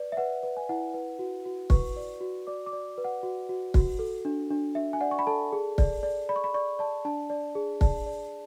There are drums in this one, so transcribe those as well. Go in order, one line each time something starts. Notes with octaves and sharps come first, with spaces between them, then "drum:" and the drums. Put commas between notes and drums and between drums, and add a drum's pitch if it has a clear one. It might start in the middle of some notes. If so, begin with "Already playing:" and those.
Already playing: B4 D5
E5
B4 F#5
B4
G#5
E4 F#5
B4
F#4
F#4
B4 C#6, drum: kick
D5
F#4
D5 D6
D6
D5
B4
F#5
F#4
F#4
F#4, drum: kick
A4
D4
D4
D4 E5
G#5
D5 F#5
C#6
B5
A4 A5
G#4
D5, drum: kick
D5
D5 B5
C#6
B5
D5 C#6
D5 A5
D4 A5
D5
G#4
D5 A5, drum: kick
D5